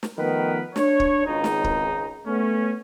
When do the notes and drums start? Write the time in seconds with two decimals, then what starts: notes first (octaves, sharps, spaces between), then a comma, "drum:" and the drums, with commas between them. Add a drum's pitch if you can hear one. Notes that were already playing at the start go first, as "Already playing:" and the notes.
0.03 drum: snare
0.18 D#3 F3 A3 B3 A#4 B4
0.76 D4 C#5, drum: snare
1.00 drum: kick
1.26 G#1 C#2 D#4
1.44 drum: snare
1.64 drum: kick
2.26 A3 B3 C#4